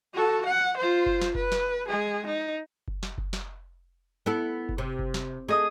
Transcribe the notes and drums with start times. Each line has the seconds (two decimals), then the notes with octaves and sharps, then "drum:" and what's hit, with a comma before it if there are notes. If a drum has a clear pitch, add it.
0.14 F#4 A4
0.46 F#5
0.77 F4 C5
1.06 drum: kick F#1
1.21 drum: snare
1.35 B4, drum: kick F#1
1.52 drum: snare
1.88 G#3 G#4
2.27 D#4
2.88 drum: kick F#1
3.03 drum: snare
3.18 drum: kick F#1
3.33 drum: snare
4.26 B3 E4 A4
4.69 drum: kick F#1
4.78 C3
4.99 drum: kick F#1
5.14 drum: snare
5.48 A3 G#4 D#5 D#6